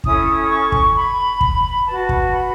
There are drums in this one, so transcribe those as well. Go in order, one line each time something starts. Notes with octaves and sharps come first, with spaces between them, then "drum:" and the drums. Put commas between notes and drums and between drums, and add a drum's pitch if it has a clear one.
C#4 E4 A4 D#6, drum: kick
C#6
drum: kick
B5
drum: kick
F#4 B4 A5
drum: kick
B5